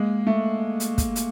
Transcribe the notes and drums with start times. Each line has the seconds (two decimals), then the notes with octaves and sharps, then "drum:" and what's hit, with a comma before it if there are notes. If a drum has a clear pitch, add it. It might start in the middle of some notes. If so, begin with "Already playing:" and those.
Already playing: G#3 A#3
0.27 A3
0.80 drum: hi-hat
0.98 drum: kick, hi-hat
1.16 drum: hi-hat